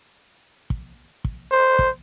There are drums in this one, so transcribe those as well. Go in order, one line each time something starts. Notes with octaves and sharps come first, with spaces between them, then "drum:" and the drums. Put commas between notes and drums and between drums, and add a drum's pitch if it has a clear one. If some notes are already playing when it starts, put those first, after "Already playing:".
drum: kick
drum: kick
C5
drum: kick